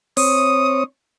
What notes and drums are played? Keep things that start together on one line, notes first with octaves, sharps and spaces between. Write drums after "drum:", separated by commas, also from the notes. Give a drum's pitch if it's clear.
C4 C#5 D#6, drum: open hi-hat